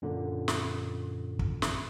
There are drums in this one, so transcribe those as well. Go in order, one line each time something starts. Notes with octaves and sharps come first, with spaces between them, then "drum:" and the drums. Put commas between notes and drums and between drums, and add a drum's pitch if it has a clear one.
F#2 A#2 D3
drum: snare
drum: kick
drum: snare